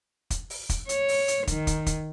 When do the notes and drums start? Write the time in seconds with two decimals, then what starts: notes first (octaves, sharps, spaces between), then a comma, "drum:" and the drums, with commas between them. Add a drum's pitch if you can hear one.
0.30 drum: kick, hi-hat
0.50 drum: open hi-hat
0.69 drum: kick, hi-hat
0.89 C#5, drum: hi-hat
1.08 drum: open hi-hat
1.28 drum: hi-hat
1.47 D#3, drum: kick, hi-hat
1.67 drum: kick, hi-hat
1.86 drum: kick, hi-hat